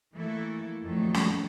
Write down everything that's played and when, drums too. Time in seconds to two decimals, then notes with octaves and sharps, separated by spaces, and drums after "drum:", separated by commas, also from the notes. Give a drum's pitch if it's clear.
0.14 E3 A3 A#3 E4 A4
0.83 F2 A#2 D#3 F#3 A3 A4
1.14 drum: snare